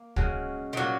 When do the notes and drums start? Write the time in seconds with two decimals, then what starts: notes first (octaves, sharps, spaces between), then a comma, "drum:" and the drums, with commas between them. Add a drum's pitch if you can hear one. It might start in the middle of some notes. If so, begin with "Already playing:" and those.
Already playing: A#3
0.16 C#3 G#3 C#4 F#4, drum: kick
0.73 D#3
0.76 A#2 F#3 A#3 F#4